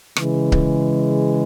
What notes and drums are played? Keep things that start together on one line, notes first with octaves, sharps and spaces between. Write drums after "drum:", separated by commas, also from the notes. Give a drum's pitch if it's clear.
C#3 E3 G#3, drum: rim click
drum: kick C#1